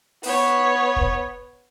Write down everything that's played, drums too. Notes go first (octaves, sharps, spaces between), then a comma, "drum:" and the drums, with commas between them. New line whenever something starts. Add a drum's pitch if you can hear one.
B3 C#5, drum: open hi-hat
drum: kick